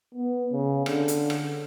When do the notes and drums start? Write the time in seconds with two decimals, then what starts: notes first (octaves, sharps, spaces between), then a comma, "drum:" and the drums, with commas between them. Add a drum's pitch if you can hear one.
0.15 B3
0.52 C#3
0.86 D3, drum: rim click
1.08 drum: hi-hat
1.30 drum: rim click